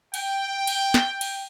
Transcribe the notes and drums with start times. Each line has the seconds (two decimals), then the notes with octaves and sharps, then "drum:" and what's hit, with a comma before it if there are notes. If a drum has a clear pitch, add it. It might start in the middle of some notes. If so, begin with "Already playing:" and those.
0.14 G5, drum: cymbal
0.67 drum: cymbal
0.94 drum: snare
1.21 drum: cymbal